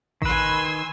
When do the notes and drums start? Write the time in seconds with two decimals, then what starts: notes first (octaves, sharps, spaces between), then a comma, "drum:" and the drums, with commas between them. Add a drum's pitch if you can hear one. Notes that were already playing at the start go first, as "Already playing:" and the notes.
0.22 D#3 B4 G#5 C6 E6, drum: kick A1